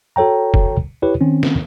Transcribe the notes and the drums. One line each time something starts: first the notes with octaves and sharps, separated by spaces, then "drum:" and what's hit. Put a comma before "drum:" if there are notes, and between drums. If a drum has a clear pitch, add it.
F#4 A4 C#5 G5 A#5
drum: kick
E4 G4 B4 C#5
D#3 C4 C#4
drum: snare